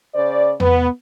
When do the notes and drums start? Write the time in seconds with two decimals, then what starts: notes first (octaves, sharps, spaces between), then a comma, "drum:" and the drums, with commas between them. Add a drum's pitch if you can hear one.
0.14 C#3 C5 D5
0.60 B3, drum: tom E2